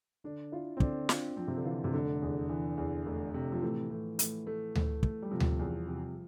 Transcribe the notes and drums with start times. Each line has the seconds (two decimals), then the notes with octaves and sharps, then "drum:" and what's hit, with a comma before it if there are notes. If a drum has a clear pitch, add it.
0.24 D3 D4
0.52 E4 F4
0.77 C4
0.80 D3 D4, drum: kick
1.09 F4, drum: snare
1.37 F3 C4
1.47 C3
1.57 D3
1.65 E3 F4
1.84 C3
1.93 F1 D3
2.22 E2
2.49 E3
2.78 E2
3.06 F1
3.34 C3
3.52 F3
3.62 A2 E3
3.90 A2
4.19 A2, drum: hi-hat
4.47 A3
4.75 A3, drum: tom D2
5.03 A3, drum: kick
5.22 G3
5.31 C3 F3
5.40 drum: tom D2
5.59 E2
5.87 C3